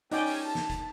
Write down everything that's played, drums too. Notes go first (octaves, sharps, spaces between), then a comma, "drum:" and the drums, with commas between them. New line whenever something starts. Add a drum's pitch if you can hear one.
C#4 D#4 D5 G5 G#5, drum: hi-hat
drum: open hi-hat
A5
drum: snare
drum: kick, hi-hat